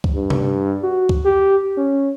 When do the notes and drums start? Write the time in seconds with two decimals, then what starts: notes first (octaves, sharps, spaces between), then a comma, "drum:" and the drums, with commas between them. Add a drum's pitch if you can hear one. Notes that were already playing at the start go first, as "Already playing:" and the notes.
0.04 drum: kick C#2
0.15 G2
0.30 drum: tom C3
0.83 F#4
1.09 drum: kick C#2
1.25 G4
1.77 C#4